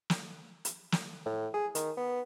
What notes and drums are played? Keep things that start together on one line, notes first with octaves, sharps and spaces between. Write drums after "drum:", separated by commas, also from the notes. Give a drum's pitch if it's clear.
drum: snare
drum: hi-hat
drum: snare
A2
G#4
D#3, drum: hi-hat
B3